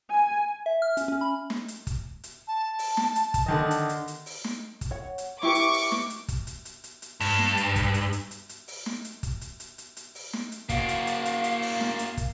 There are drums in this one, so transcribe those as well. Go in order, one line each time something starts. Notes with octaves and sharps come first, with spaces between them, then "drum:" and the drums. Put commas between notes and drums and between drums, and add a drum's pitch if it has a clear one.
G#5
E5
F6
C#4, drum: hi-hat
C#4
B5
drum: snare
drum: hi-hat
drum: kick, hi-hat
drum: hi-hat
A5
drum: open hi-hat
drum: snare
drum: hi-hat
drum: kick, hi-hat
D3 D#3 D#5
drum: hi-hat
drum: hi-hat
drum: hi-hat
drum: open hi-hat
drum: snare
drum: kick, hi-hat
C#5 F#5
drum: hi-hat
E4 G4 B4 C#6 D6
drum: hi-hat
drum: open hi-hat
drum: snare
drum: hi-hat
drum: kick, hi-hat
drum: hi-hat
drum: hi-hat
drum: hi-hat
drum: hi-hat
G2, drum: open hi-hat
drum: snare
drum: hi-hat
drum: kick, hi-hat
drum: hi-hat
drum: hi-hat
drum: hi-hat
drum: hi-hat
drum: open hi-hat
drum: snare
drum: hi-hat
drum: kick, hi-hat
drum: hi-hat
drum: hi-hat
drum: hi-hat
drum: hi-hat
drum: open hi-hat
drum: snare
drum: hi-hat
A#3 F#4 F5, drum: kick, hi-hat
drum: hi-hat
drum: hi-hat
drum: hi-hat
drum: hi-hat
drum: open hi-hat
drum: snare
drum: hi-hat
drum: kick, hi-hat